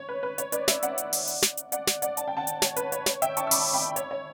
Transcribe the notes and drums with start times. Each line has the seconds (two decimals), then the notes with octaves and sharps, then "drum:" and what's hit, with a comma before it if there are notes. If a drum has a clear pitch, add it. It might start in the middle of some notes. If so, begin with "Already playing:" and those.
Already playing: C#5
0.09 B4
0.23 B4
0.38 C#5, drum: hi-hat
0.52 B4 D5, drum: hi-hat
0.68 C#5 E5, drum: snare
0.83 D5 F#5, drum: hi-hat
0.98 drum: hi-hat
1.13 drum: open hi-hat
1.28 drum: hi-hat
1.42 drum: snare
1.57 drum: hi-hat
1.72 D5 F#5, drum: hi-hat
1.87 drum: snare
2.02 D5 F#5, drum: hi-hat
2.17 A5, drum: hi-hat
2.28 G5
2.37 F#5 A5
2.47 drum: hi-hat
2.62 C#5, drum: snare
2.76 B4, drum: hi-hat
2.92 C#5, drum: hi-hat
3.06 C#5, drum: snare
3.22 E5 G5, drum: hi-hat
3.37 A5 C#6, drum: hi-hat
3.47 E6
3.51 B5 D6, drum: open hi-hat
3.73 G5 B5
3.96 C#5, drum: hi-hat
4.11 C#5